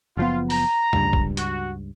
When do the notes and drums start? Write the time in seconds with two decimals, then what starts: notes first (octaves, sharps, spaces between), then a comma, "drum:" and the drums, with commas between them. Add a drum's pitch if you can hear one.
0.17 F#1 F3 B3 F4
0.50 A#5, drum: open hi-hat
0.93 C#2 G2, drum: tom
1.13 drum: kick
1.37 F#4, drum: hi-hat